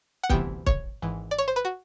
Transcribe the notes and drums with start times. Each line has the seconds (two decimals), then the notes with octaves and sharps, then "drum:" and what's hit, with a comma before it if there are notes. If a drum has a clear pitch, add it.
0.23 F#5
0.30 D2 C3 E3 G3 B3 G5, drum: kick
0.66 C#5, drum: kick
1.02 G#1 G#2 E3
1.31 D5
1.38 C#5
1.48 C5
1.56 B4
1.65 F#4